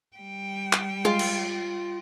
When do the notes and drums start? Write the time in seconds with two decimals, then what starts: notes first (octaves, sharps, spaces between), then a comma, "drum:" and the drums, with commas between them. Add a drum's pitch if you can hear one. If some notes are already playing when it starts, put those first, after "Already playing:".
0.16 G3 G5
0.73 drum: clap
1.05 G#3 F4
1.19 drum: cymbal